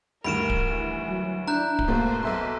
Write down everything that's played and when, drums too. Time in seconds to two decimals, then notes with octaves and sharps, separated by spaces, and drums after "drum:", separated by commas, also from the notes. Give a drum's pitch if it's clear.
0.24 D2 G2 D#3 A#4 B5 D7 E7
0.50 drum: kick D1
0.74 E3
1.08 F#3
1.48 D4 E4 A#5 F#6 G6
1.79 drum: kick D1
1.88 G#2 B2 A3 A#3 C5
2.23 B1 B3 A4 E5 C6